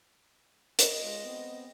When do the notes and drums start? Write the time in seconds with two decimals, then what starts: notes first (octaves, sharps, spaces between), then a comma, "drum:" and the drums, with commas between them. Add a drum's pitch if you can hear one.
0.79 D#5, drum: hi-hat
1.03 G#3 F4
1.24 B3 C4